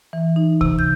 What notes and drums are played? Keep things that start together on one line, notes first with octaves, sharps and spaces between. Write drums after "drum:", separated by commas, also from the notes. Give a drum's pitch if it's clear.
E3
D#4
C3, drum: kick C#2
G6